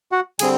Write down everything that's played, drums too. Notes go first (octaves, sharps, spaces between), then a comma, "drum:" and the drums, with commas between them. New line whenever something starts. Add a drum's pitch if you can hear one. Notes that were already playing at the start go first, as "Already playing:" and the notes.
F#4 F#5
D3 G3 C4 G#4 G#5, drum: cymbal